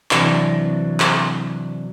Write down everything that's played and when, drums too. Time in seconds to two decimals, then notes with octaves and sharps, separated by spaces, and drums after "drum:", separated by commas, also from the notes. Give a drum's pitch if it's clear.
0.11 C3 E3 F#3 D4, drum: clap
1.00 drum: clap